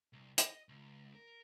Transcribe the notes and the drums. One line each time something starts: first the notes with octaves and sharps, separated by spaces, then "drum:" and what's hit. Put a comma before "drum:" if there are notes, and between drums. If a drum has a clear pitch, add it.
C2
D#5, drum: hi-hat
C#2
A#4